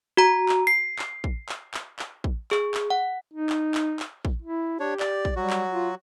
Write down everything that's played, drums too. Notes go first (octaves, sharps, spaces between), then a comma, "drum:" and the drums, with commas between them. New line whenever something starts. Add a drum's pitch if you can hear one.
F#4 A#5
drum: clap
C7
drum: clap
drum: kick
drum: clap
drum: clap
drum: clap
drum: kick
G#4, drum: clap
drum: clap
F#5
D#4
drum: clap
drum: clap
drum: clap
drum: kick
E4
D4 G4 C#5
D5, drum: clap
drum: kick
F#3 G3 F#4
drum: clap
F4